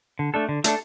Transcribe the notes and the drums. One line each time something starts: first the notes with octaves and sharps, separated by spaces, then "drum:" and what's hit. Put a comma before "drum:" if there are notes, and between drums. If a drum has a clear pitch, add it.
D3
A3 D4 A4
D3
A3 D4 A4, drum: hi-hat